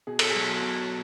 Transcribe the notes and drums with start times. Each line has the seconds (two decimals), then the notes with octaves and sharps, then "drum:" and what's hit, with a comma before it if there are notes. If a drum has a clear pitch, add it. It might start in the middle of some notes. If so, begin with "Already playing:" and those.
0.07 B2 G#4
0.19 A4, drum: cymbal
0.30 F#3 G#4
0.62 B2